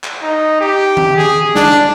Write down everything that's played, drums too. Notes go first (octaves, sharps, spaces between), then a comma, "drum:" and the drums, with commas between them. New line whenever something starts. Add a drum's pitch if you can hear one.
drum: clap
D#4
G4
drum: tom D#3
G#4
D4, drum: snare